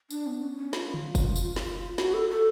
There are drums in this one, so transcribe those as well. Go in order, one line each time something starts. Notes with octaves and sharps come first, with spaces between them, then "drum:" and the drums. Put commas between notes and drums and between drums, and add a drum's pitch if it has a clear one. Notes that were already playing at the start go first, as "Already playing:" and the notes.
D4, drum: tambourine
B3
C#4
C#4
F#4, drum: snare
F4
drum: tom D3
drum: kick, tambourine
drum: tambourine
drum: snare
F#4, drum: snare
A4
A4